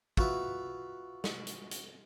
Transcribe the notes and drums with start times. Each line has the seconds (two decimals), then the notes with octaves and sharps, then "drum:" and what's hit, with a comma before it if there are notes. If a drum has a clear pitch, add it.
0.17 F4 F#4 B4 E5, drum: kick
1.24 drum: snare
1.47 drum: hi-hat
1.71 drum: hi-hat